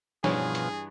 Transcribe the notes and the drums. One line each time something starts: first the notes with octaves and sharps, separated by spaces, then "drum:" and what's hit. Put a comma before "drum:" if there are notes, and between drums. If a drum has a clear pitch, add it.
G2 B2 E3 F3 C#4 D4 G#4, drum: snare
drum: hi-hat